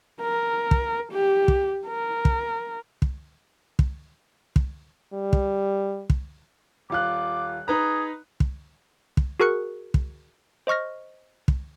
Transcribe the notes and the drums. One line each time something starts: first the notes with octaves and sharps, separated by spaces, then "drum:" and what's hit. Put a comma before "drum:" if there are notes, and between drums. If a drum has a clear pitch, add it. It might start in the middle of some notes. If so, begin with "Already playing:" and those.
A#4
drum: kick
G4
drum: kick
A#4
drum: kick
drum: kick
drum: kick
drum: kick
G3
drum: kick
drum: kick
D#1 F4 D6 F#6
D#4 G#4 B4 A#5
drum: kick
drum: kick
F#4 G#4 A#4 C#6 F#6 C#7
drum: kick
C5 D#5 C#6 F6 A#6
drum: kick